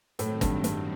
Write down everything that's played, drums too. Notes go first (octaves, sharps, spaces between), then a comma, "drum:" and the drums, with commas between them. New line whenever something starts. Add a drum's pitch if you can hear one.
A2 D#3 F#3 C4, drum: hi-hat
G2, drum: kick G1, hi-hat
G2, drum: hi-hat